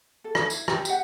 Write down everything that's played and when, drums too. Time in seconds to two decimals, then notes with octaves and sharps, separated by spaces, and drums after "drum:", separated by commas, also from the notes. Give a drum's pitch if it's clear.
0.24 A4
0.35 drum: rim click
0.50 E4, drum: tambourine
0.68 G4, drum: rim click
0.85 G4 F#5, drum: tambourine